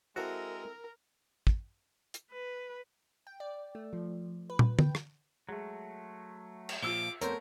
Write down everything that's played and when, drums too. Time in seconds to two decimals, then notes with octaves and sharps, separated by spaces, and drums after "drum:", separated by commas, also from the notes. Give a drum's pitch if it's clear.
0.16 G#3 C4 E4 F#4 A4 A#4
1.47 drum: kick
2.14 drum: hi-hat
2.32 B4
3.27 G5
3.40 D5
3.75 A3
3.93 F3
4.50 B4
4.59 drum: tom
4.79 G5, drum: tom
4.95 drum: rim click
5.49 F#3 G#3 A3
6.69 drum: cymbal
6.83 A#2 F3 F4 D6 E6 G7
7.22 F2 A3 B3 C4 A#4 C5 C#5, drum: hi-hat